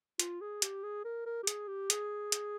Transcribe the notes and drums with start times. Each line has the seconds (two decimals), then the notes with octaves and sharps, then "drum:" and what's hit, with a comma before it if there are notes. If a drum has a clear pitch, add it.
0.20 F4, drum: hi-hat
0.41 G#4
0.62 G4, drum: hi-hat
0.84 G#4
1.04 A#4
1.26 A#4
1.43 G4
1.47 G#4, drum: hi-hat
1.68 G4
1.90 G#4, drum: hi-hat
2.32 drum: hi-hat